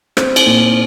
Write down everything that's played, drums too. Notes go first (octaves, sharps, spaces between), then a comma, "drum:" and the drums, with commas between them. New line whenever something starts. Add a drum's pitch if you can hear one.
C4, drum: rim click
drum: cymbal
A#2